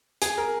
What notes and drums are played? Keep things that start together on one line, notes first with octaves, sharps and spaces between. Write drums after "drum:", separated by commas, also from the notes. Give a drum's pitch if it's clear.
G#4, drum: hi-hat
A#4